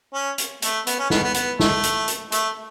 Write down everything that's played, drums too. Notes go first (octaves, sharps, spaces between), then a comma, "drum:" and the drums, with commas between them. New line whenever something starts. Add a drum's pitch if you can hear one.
C#4
drum: hi-hat
A3, drum: hi-hat
B3, drum: hi-hat
C#4
B3, drum: snare
B3
B3, drum: hi-hat
A3, drum: snare
drum: hi-hat
drum: hi-hat
A3, drum: hi-hat